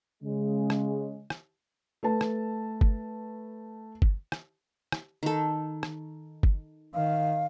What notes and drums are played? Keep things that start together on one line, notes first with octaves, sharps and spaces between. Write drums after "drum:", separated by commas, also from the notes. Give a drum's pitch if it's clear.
C#3 G#3
drum: rim click
drum: rim click
A3 B4 A5
drum: rim click
drum: kick G1
drum: kick G1
drum: rim click
drum: rim click
D#3 A4
drum: rim click
drum: kick G1
D#3 F5